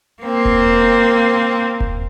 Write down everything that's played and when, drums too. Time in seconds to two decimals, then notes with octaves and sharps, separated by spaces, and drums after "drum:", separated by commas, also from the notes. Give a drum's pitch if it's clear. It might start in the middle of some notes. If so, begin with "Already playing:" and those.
0.23 A#3 C4
0.45 drum: kick E1
1.80 drum: kick E1